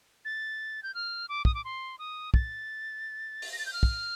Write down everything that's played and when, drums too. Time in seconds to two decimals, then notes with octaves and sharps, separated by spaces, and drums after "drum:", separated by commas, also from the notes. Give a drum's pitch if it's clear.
0.25 A6
0.83 G6
0.95 F6
1.29 D6
1.45 D#6, drum: kick
1.55 D6
1.64 C6
1.99 D#6
2.34 A6, drum: kick
3.42 drum: open hi-hat
3.52 A#6
3.59 A6
3.66 G6
3.73 F6
3.83 drum: kick